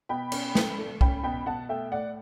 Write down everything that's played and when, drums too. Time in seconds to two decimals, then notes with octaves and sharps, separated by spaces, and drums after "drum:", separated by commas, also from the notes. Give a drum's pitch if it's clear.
0.09 B2 G5 B5
0.32 C#4, drum: cymbal
0.55 A3, drum: snare
0.78 A3
1.01 C#4 G5 B5, drum: kick C2
1.23 B2 G5 B5
1.46 B2 F#5 A5
1.69 A3 E5 G5
1.92 A2 D5 F#5